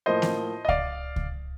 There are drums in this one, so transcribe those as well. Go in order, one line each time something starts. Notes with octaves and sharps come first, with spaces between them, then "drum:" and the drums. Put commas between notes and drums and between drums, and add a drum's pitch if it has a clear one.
A2 F3 A#3 C5 D#5
drum: snare A#3
D#5
D5 F5, drum: kick C#2
drum: kick C#2